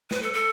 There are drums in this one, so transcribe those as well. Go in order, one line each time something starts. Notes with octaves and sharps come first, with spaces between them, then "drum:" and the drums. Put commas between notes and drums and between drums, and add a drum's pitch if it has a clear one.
B4, drum: snare
A4
A4